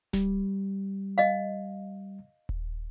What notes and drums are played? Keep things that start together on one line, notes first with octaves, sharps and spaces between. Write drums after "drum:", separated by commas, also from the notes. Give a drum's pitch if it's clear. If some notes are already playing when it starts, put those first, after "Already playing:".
G3, drum: snare D1
D#5 F5
drum: kick D#1